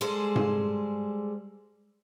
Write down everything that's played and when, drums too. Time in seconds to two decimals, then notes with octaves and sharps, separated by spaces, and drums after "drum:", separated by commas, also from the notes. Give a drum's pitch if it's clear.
0.01 G3 G#3 G#4 A4 C5
0.36 drum: tom G#2